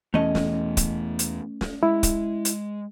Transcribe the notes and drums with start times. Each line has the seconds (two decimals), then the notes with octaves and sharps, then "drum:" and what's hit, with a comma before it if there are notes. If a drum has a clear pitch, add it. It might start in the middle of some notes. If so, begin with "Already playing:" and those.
0.14 E2 B2 E3 A3 C#4 D#5
0.35 drum: snare
0.77 drum: kick D1, hi-hat
1.19 drum: hi-hat
1.61 drum: snare
1.83 G#3 E4
2.03 drum: kick D1, hi-hat
2.45 drum: hi-hat